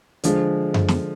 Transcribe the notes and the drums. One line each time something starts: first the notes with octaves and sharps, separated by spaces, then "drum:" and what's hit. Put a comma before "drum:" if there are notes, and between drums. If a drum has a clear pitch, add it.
D3 F3 G#3, drum: hi-hat
drum: tom F#2
drum: snare